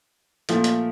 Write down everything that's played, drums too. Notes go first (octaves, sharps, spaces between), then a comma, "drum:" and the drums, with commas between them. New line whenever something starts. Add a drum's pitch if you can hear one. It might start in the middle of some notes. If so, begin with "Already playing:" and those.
A#2 F3 A3, drum: hi-hat
drum: hi-hat